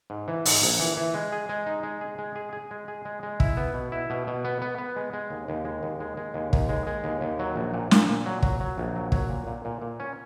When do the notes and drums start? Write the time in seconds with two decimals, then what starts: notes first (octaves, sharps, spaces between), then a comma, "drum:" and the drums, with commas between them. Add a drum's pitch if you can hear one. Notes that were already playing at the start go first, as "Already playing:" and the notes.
0.10 G#2
0.28 E3
0.45 G#2, drum: open hi-hat
0.62 A#1
0.80 E3
0.97 E3
1.14 G#3
1.32 G#4
1.49 G#3
1.66 D#4
1.83 G#3
2.01 G#4
2.18 G#3
2.36 G#4
2.53 G#4
2.71 G#3
2.88 G#4
3.05 G#3
3.23 G#3
3.40 E4, drum: kick
3.57 B3
3.74 B2
3.92 E4
4.10 B2
4.27 B2
4.45 B3
4.62 B3
4.78 B3
4.96 G#3
5.13 G#3
5.30 D#2
5.48 D#2
5.65 G#3
5.83 D#2
6.00 G#3
6.17 G#3
6.34 D#2
6.53 D#2, drum: kick
6.69 G#3
6.87 G#3
7.04 D#2
7.21 D#2
7.39 F#3
7.56 A#1
7.74 A#2
7.91 A#2, drum: snare
8.09 A#2
8.26 F#3
8.43 F#3, drum: kick
8.60 F#3
8.78 A#1
8.96 F#3
9.12 F#3, drum: kick
9.30 A#2
9.47 A#2
9.65 A#2
9.82 A#2
10.00 C#4